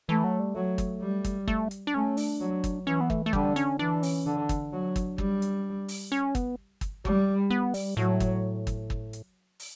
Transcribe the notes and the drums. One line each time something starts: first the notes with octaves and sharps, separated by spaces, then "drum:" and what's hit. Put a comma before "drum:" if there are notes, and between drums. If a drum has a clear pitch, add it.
E3 A3
F#3
G3
F#3 A3
drum: kick, hi-hat
G3
drum: kick, hi-hat
A3, drum: kick
drum: hi-hat
D4
A3 C#4
D4, drum: open hi-hat
F#3
drum: kick, hi-hat
E3 C#4
B3
A3, drum: kick
A3
D3 G3, drum: kick
C#4, drum: hi-hat
E3 D4
C#4, drum: open hi-hat
D3 D4
drum: kick, hi-hat
F#3
drum: kick, hi-hat
G3, drum: kick
drum: hi-hat
drum: open hi-hat
C#4
B3, drum: kick, hi-hat
drum: kick, hi-hat
G3, drum: kick
B3
G3, drum: open hi-hat
A2 F#3
drum: kick, hi-hat
drum: kick, hi-hat
drum: kick
drum: hi-hat
drum: open hi-hat